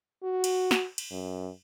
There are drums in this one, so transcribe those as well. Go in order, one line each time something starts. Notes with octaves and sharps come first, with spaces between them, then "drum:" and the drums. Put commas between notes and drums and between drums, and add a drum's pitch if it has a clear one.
F#4
drum: cymbal
drum: snare
drum: cymbal
F#2